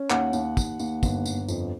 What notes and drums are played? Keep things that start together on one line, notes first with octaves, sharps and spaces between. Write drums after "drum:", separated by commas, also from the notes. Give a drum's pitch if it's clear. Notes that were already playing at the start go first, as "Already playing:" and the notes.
Already playing: C#4
D#2 F#5, drum: clap
D#2, drum: tambourine
D#2, drum: kick, tambourine
D#2, drum: tambourine
G1, drum: kick, tambourine
G1, drum: tambourine
F2, drum: tambourine